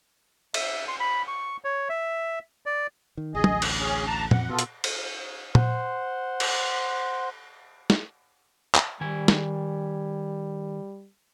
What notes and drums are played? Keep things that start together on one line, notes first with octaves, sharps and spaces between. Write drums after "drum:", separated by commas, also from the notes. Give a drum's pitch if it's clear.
E5, drum: cymbal
C6
B5
C#6
C#5
E5
D5
D#3
A1 D2 G#4 D#5
drum: tom
drum: cymbal
C#4 G#4
A5 A#5
F2 F#5, drum: tom
B2 B3 F4 A4
drum: hi-hat
drum: cymbal
C5 F#5 C6, drum: tom
drum: cymbal
drum: snare
drum: clap
D#3 G3 G#5
drum: snare